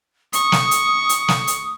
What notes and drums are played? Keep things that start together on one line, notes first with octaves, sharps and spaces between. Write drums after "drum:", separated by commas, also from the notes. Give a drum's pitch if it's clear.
C#6 D#6, drum: hi-hat
drum: snare
drum: hi-hat
drum: hi-hat
drum: snare
drum: hi-hat